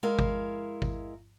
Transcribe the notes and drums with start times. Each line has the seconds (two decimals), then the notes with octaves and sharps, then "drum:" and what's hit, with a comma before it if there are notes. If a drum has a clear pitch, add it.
0.03 G#3 E4 A#4 F5
0.19 drum: kick G#1
0.82 drum: kick G#1